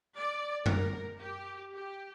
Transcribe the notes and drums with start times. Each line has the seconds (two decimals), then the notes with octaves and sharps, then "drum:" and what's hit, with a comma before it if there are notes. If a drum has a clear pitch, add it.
0.18 D5
0.66 A#4, drum: tom F#2
1.21 G4
1.74 G4